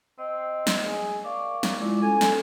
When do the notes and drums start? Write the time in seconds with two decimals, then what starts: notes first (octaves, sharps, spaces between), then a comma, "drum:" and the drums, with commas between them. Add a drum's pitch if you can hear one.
0.19 C4 D#5
0.67 drum: snare
0.86 G#4
1.24 A#4 D5 F5 C#6
1.63 drum: snare
1.79 G#3 E4 F4 D5
2.02 C#4 A4 G#5
2.21 drum: snare